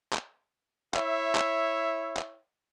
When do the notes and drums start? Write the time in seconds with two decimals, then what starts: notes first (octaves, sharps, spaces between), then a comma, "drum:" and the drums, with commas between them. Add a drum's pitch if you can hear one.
0.13 drum: clap
0.94 E4 C#5 E5, drum: clap
1.35 drum: clap
2.17 drum: clap